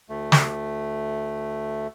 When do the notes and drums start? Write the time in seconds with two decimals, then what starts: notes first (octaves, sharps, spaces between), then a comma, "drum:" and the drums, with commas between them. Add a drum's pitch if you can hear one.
0.09 D2 A3
0.32 drum: snare